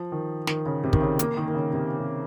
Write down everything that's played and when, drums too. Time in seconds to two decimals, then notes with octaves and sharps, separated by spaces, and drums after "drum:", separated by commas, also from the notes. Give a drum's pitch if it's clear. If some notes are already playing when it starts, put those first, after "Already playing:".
Already playing: F3
0.12 D#3
0.47 D#3, drum: snare
0.66 C#3
0.84 C3
0.93 D#3, drum: kick
1.02 C#3
1.19 A#3, drum: hi-hat
1.37 D#3
1.48 D#3
1.55 C#3
1.73 C3
1.99 C3